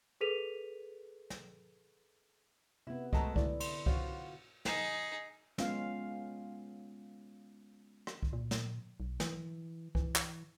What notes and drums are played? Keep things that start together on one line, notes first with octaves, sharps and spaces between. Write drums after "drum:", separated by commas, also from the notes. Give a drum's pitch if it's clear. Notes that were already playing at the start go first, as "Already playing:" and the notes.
G#4 A4 B4 B6 D#7 F7
drum: snare
C3 B3 E4
G#3 A3 F#4 D#5 A5 A#5, drum: kick C2
D3 E4 D5, drum: kick C2
C6, drum: cymbal
C#4 F4 F#4 C5, drum: kick C2
D#4 G#4, drum: snare
G#3 B3 C#4 F4 F5, drum: snare
drum: rim click
drum: kick C2
A#2
drum: snare
B1
E3, drum: snare
E3, drum: kick C2
drum: clap